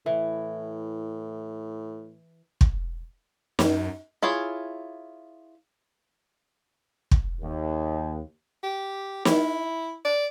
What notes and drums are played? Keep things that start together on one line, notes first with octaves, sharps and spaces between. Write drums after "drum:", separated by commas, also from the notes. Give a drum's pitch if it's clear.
A2 E3
drum: kick
F#2, drum: snare
E4 F4 G#4 C#5
drum: kick
D#2
G4
E4, drum: snare
D5